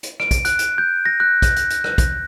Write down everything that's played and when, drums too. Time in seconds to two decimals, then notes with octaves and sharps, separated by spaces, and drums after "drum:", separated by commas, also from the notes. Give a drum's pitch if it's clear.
0.03 drum: hi-hat
0.20 D7, drum: rim click
0.31 drum: kick, hi-hat
0.45 F#6, drum: hi-hat
0.59 drum: hi-hat
0.78 G6
1.06 A#6
1.20 F#6
1.42 drum: kick, hi-hat
1.56 drum: hi-hat
1.70 drum: hi-hat
1.84 drum: rim click
1.98 drum: kick, hi-hat